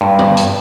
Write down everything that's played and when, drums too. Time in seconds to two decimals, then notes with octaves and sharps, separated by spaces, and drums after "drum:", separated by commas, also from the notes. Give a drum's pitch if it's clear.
0.01 G2
0.19 drum: tom
0.37 drum: hi-hat